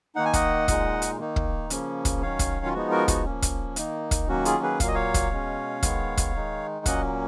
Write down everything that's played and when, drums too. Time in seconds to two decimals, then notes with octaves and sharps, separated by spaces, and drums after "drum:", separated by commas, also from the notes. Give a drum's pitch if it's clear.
0.16 D#3 A#3 D#4 F#5
0.25 G#5
0.33 D#5 F#5, drum: kick, hi-hat
0.68 A#2 G#3 D#4, drum: kick, hi-hat
1.02 drum: hi-hat
1.19 D#3 A#3 D#4
1.36 drum: kick
1.70 C#3 F3 A#3 C#4, drum: hi-hat
2.05 drum: kick, hi-hat
2.22 D#3 F#3 C#4 C#5 F5
2.39 drum: kick, hi-hat
2.65 F4
2.74 F3 G#3 B3 D#4 F#4
2.91 F#4 A#4
3.08 F#4, drum: kick, hi-hat
3.25 F3 A#3 C#4
3.42 drum: kick, hi-hat
3.76 D#3 A#3 D#4, drum: hi-hat
4.11 drum: kick, hi-hat
4.28 D#3 F#3 A#3 C#4 F#4
4.45 F4 G#4, drum: hi-hat
4.63 G#4 B4
4.80 A#2 F#3 A#3 F5, drum: kick, hi-hat
4.88 D#5
4.95 C#5 F5
5.14 drum: kick, hi-hat
5.31 B2 G#3 C#4
5.83 D#3 G#3 B3, drum: kick, hi-hat
6.17 drum: kick, hi-hat
6.34 D#3 G#3 D#4
6.86 A#2 F#3 A#3 C#4 D#5 F#5, drum: kick, hi-hat